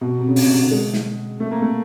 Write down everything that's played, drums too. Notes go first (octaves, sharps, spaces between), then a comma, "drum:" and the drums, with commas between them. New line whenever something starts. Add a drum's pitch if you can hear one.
B2
C3
C#3
C3, drum: open hi-hat
B2
C3
D3
G#3
drum: snare
A3
A#3
A3